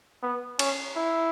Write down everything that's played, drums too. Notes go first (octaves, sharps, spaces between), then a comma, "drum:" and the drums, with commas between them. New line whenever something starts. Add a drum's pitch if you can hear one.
B3
C#4, drum: cymbal
E4